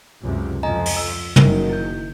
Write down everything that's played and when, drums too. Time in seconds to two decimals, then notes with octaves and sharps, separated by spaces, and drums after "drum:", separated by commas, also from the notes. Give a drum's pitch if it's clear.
0.22 C#2 F#2 C3
0.63 F2 F3 D#5 G#5 A#5
0.86 drum: open hi-hat
0.97 E6
1.36 F#1 D#3 F#3 A#3 A#4, drum: tom
1.69 E4 G6